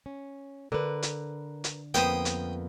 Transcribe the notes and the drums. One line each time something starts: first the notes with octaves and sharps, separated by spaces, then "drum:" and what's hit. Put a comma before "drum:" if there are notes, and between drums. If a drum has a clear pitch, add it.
C#4
D3 A#4 B4
drum: hi-hat
drum: hi-hat
F2 A#3 B3 C5 G5 D#6, drum: hi-hat
drum: hi-hat